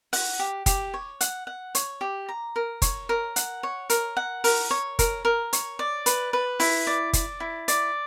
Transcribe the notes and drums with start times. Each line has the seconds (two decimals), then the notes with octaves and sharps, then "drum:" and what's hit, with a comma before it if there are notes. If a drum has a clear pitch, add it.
0.13 F#5, drum: open hi-hat
0.39 G4
0.66 G4, drum: kick F#1, hi-hat
0.94 C#5
1.21 F#5, drum: hi-hat
1.47 F#5
1.75 C#5, drum: hi-hat
2.01 G4
2.28 A#5
2.56 A#4
2.82 C#5, drum: kick F#1, hi-hat
3.09 A#4
3.36 F#5, drum: hi-hat
3.63 C#5
3.90 A#4, drum: hi-hat
4.17 F#5
4.44 A#4, drum: open hi-hat
4.71 C#5
4.99 A#4, drum: kick F#1, hi-hat
5.25 A#4
5.53 C#5, drum: hi-hat
5.79 D5
6.06 B4, drum: hi-hat
6.33 B4
6.60 E4, drum: open hi-hat
6.87 D5
7.13 D5, drum: kick F#1, hi-hat
7.40 E4
7.68 D5, drum: hi-hat